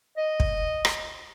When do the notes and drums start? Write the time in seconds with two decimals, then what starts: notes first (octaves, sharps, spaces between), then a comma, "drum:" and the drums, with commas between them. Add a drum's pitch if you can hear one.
0.17 D#5
0.40 drum: kick
0.85 drum: rim click